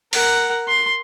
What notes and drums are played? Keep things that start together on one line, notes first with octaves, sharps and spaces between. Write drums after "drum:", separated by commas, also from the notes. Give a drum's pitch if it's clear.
A#4 F#5, drum: open hi-hat
C6